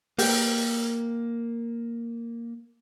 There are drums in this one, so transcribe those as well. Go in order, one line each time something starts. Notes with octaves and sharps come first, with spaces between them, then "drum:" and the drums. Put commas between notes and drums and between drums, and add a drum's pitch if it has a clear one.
A#3 G4 B4 G5, drum: open hi-hat